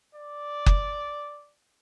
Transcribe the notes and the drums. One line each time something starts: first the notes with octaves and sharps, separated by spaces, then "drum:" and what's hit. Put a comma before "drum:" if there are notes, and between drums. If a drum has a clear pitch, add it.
D5
drum: kick F#1